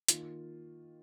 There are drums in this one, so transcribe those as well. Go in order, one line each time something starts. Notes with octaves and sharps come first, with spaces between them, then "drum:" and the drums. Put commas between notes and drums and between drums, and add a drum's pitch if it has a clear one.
D#3 A#3 F4, drum: hi-hat